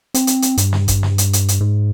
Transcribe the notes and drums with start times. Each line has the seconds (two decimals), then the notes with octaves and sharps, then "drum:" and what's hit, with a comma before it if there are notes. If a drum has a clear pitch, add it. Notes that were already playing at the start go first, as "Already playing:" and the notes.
0.14 C4, drum: hi-hat
0.27 drum: hi-hat
0.42 drum: hi-hat
0.57 G2, drum: hi-hat
0.73 drum: snare
0.88 drum: kick G#1, hi-hat
1.03 drum: snare
1.18 drum: hi-hat
1.33 drum: hi-hat
1.48 drum: hi-hat
1.61 G#2